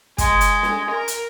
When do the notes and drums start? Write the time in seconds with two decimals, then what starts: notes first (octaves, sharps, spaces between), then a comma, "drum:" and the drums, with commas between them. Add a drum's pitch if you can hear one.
0.18 G#3, drum: kick, hi-hat
0.41 drum: hi-hat
0.63 drum: snare
0.90 A#4
1.08 drum: hi-hat